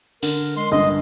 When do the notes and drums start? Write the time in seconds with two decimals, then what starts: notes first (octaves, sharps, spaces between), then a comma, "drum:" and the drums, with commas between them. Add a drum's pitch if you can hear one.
0.23 D3 A#4, drum: cymbal
0.57 G#3 C6
0.72 A#1 G2 D3 D#5